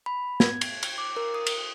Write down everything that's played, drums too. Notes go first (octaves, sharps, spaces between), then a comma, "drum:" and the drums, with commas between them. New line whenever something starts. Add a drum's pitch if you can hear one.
B5
G#6, drum: snare
drum: cymbal
drum: cymbal
D6
A#4
D#6
drum: cymbal